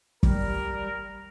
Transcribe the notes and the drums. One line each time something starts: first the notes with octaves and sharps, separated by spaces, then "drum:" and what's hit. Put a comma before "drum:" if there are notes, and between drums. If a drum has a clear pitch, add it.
G3 A#4, drum: kick